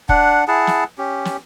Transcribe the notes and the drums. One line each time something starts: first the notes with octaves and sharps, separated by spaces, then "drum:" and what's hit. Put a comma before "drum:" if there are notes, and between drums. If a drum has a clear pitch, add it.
D4 F#5, drum: kick
E4 G#4 F#5 A5
drum: snare
C#4 G4
drum: snare